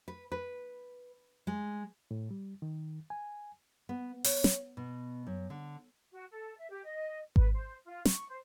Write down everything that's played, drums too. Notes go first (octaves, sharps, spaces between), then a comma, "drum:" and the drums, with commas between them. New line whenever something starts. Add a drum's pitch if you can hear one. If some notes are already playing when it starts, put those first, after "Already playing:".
B4
B4
G#3
A2
G3
D#3
G#5
B3
C#5, drum: open hi-hat
drum: snare
B2
F#2
D3
F#4
A4
E5
G4
D#5
B4, drum: kick G#1
C5
F4
C#6, drum: snare
C5